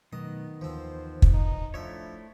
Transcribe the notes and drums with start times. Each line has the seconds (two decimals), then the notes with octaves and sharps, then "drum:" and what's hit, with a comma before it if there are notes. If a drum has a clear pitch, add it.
0.13 B2 D#3 F#3 A3 B3 D#5
0.61 D#2 D3 E3 F3 C4 C5
1.22 drum: kick
1.34 D#4
1.74 F3 A3 D4 E4 C#5 E5